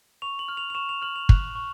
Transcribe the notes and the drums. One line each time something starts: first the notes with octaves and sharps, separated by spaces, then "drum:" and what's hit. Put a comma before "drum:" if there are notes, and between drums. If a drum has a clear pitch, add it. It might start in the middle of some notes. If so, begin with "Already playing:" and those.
C#6 F7
F#7
F6
F7
F7
C#6 E7
F7
F6 F#7
F7
F#6, drum: kick
C#6